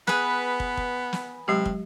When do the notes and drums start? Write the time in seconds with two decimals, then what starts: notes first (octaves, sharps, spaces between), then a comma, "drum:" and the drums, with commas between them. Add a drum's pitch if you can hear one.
0.07 B3 G#4 B4, drum: snare
0.60 drum: kick
0.77 drum: kick
1.13 drum: snare
1.48 C3 F#3 G#3 G4
1.66 drum: kick